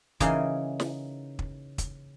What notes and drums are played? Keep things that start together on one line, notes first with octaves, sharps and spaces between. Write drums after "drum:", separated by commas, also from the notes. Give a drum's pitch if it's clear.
C#3 E3 A#3 D#4 G#4, drum: kick, hi-hat
drum: snare
drum: kick
drum: kick, hi-hat